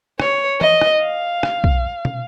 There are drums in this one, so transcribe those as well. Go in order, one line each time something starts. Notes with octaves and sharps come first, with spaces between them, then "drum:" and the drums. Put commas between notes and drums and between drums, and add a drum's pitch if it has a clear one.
C#5, drum: rim click
D#5, drum: tom E3
drum: rim click
F5
drum: rim click
drum: kick B1
drum: tom